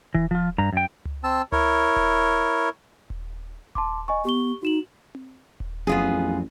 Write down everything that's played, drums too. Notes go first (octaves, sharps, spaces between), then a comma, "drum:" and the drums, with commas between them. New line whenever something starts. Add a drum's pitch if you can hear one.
E3, drum: kick D#1
F3 F4
G2 A#5
F#2 G5
drum: tom C#2
C4 A5 E6
E4 A#4 C#5, drum: tom C#2
drum: kick D#1
drum: kick D#1
A5 C6 D6, drum: kick D#1
D#5 G#5 C#6
B3 G4 C#6 G7
D#4 F#4 E7 F#7
drum: tom C4
drum: kick D#1
A1 F2 F#3 B3 F4 G#4